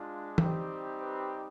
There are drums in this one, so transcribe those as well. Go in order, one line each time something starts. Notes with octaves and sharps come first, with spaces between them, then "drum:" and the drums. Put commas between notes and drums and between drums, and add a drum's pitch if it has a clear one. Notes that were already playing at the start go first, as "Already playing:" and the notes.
Already playing: G#3 D4 F4
G3 C4 D#4 G4, drum: tom
B4